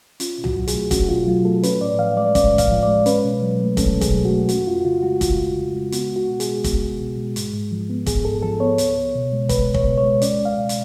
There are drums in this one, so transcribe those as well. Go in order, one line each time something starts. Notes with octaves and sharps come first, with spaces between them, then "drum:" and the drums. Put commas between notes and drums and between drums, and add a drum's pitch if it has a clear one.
C#4 F4, drum: hi-hat
B2
F#4, drum: tom C2
F#3
G#4, drum: hi-hat
A3
C#4 F#4, drum: kick, hi-hat
B2 F4
F#3 F4
A3 A4
C#4 B4, drum: hi-hat
A2 D5
F3 F5
G#3 D5
C#4 D5, drum: kick, hi-hat
A2
F5, drum: kick, hi-hat
F3
D5
G#3
C#4 B4, drum: hi-hat
B2
F#3
A3
C#4 A4, drum: kick, hi-hat
B2
G#4, drum: kick, hi-hat
F#3
F#4
A3
F2 F#4, drum: hi-hat
F2 F4
F#4
C#3 F4
G#3 F#4
F2 F4, drum: kick, hi-hat
F2
C#3
G#3
B3 F#4, drum: hi-hat
C#2
F#4
B2
G#4, drum: hi-hat
G#3
B3, drum: kick, hi-hat
C#2
B2
G#3
G#2, drum: hi-hat
G#2
F3
B3
G#2 G#4, drum: kick, hi-hat
G#2 A4
F3 A4
B3 C#5
C#2, drum: hi-hat
C#2
B2
G#3
C#2 B4, drum: kick, hi-hat
C#2
C#5, drum: kick
B2
C#5
G#3
C#4 D5, drum: hi-hat
C#2
F5
B2
drum: hi-hat